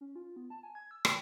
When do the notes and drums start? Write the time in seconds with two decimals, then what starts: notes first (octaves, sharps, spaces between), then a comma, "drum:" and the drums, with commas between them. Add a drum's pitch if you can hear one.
0.01 C#4
0.16 F4
0.36 B3
0.50 A5
0.63 G#5
0.75 G#6
0.91 E6
1.05 G5, drum: rim click